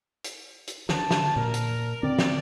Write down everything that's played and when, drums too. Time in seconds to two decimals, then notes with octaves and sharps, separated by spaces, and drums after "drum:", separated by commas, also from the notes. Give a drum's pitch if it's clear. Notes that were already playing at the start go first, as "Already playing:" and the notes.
0.24 drum: hi-hat
0.67 drum: hi-hat
0.89 D3 A5, drum: snare
1.11 drum: snare
1.36 A#2 A#4
1.54 drum: hi-hat
2.03 D3 C4 D5
2.18 drum: snare